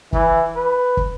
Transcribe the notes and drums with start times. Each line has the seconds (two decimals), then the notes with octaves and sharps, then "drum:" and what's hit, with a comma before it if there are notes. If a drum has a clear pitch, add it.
0.13 E3, drum: kick
0.55 B4
0.97 drum: kick